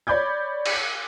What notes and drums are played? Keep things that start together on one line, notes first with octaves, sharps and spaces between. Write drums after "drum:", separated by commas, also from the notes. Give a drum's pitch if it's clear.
C#5 D5 B5 D6 G6 G#6
drum: cymbal